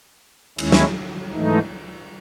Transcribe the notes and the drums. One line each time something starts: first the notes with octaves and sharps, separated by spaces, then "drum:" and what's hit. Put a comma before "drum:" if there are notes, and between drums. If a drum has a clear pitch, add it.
D#2 D#3 G#3 C#4 E4, drum: cymbal
drum: snare
G#2 E3 A3 D#4